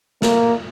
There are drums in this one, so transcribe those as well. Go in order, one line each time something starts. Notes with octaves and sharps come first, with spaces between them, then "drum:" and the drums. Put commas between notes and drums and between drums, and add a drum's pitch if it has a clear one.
A#3, drum: snare